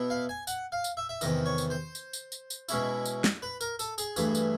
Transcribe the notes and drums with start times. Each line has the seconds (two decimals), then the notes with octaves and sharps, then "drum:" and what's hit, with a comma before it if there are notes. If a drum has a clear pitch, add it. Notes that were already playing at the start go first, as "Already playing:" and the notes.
Already playing: B2 B3 E4
0.10 F5
0.29 G#5
0.47 F#5, drum: tambourine
0.72 F5
0.84 drum: tambourine
0.97 E5
1.09 E5
1.21 E2 C3 D#3 D#5, drum: tambourine
1.46 C#5
1.58 drum: tambourine
1.70 C5
1.95 drum: tambourine
2.13 drum: tambourine
2.32 drum: tambourine
2.50 drum: tambourine
2.69 B2 G#3 C#4 E4, drum: tambourine
3.06 drum: tambourine
3.24 drum: snare
3.42 B4
3.61 A#4, drum: tambourine
3.79 A4, drum: tambourine
3.98 G#4, drum: tambourine
4.16 G2 E3 A3, drum: tambourine
4.35 drum: tambourine